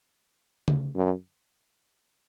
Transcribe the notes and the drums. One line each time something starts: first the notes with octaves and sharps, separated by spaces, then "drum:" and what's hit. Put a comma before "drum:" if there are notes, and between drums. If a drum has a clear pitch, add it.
drum: tom C#3
F#2